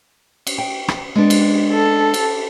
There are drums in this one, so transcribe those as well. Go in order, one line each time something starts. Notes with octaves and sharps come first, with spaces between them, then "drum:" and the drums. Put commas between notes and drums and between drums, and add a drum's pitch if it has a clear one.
drum: cymbal
G5
drum: rim click
G#3 B3 D4
drum: cymbal
A4
drum: cymbal